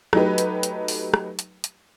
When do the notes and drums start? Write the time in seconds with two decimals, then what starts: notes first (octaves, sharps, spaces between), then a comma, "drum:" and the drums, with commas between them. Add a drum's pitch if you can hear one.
0.13 F#3 A3 D#4 G4 B4, drum: rim click
0.38 drum: hi-hat
0.63 drum: hi-hat
0.88 drum: open hi-hat
1.14 drum: rim click
1.39 drum: hi-hat
1.64 drum: hi-hat